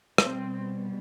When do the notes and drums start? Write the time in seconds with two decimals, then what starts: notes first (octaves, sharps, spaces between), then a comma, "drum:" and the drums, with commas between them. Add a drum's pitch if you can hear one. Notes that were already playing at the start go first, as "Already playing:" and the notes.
0.18 B2 G3 C4, drum: rim click